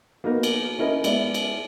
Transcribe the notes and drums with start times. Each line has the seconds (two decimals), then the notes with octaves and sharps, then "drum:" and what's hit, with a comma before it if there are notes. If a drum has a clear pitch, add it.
0.24 A#3 B3 D#4 F#4 A#4
0.43 drum: cymbal
0.79 C#4 E4 A#4 D#5
1.04 G#3 B3 D5 E5, drum: cymbal
1.34 drum: cymbal